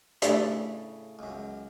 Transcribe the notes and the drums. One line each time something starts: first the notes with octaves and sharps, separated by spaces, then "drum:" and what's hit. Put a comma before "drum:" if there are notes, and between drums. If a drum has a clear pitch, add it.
A2 C#3 A3 D4 G4 D5 E5, drum: hi-hat
C#2 F#2